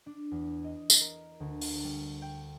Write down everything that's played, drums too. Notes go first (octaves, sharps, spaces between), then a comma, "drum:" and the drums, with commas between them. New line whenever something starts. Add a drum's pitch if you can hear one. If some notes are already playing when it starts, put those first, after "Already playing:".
D4
E2
D#5
drum: tambourine
A#4
D2
drum: open hi-hat
G3
G5